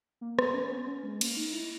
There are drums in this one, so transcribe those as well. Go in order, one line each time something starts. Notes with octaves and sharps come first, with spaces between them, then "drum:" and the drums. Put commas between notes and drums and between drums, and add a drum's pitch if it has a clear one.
A#3
B3, drum: rim click
C#4
B3
C#4
G#3
A#3, drum: cymbal
D#4
E4